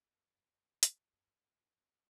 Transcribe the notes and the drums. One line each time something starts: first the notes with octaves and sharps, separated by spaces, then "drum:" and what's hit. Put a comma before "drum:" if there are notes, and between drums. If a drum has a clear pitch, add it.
F#2
A#2, drum: hi-hat
B2
F#2
G2